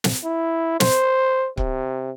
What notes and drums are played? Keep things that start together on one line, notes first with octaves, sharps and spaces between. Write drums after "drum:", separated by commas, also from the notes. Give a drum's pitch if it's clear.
drum: snare
E4
C5, drum: snare
C3, drum: kick C#1